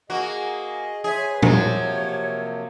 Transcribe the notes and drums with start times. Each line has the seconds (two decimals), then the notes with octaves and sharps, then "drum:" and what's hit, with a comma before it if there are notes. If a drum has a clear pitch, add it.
0.10 A#3 F#4 G#4 D#5
1.04 G#4 C5 C#5 E5
1.30 B4
1.42 C3 F3 F#3 A#3 C#5, drum: tom